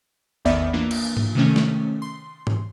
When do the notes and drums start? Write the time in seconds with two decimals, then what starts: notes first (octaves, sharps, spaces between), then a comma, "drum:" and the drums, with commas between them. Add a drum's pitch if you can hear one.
0.45 A1 E2 D#3 B3 D5 E5
0.73 E3 A#3 D4 F4
0.91 drum: cymbal
1.17 drum: tom G#2
1.35 C3 D#3 A3 C#4
1.56 drum: snare
2.02 C6
2.47 drum: tom G#2